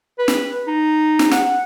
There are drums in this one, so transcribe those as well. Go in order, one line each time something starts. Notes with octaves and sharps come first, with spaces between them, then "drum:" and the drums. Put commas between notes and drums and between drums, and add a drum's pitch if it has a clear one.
B4
drum: snare
D#4
drum: snare
F#5, drum: snare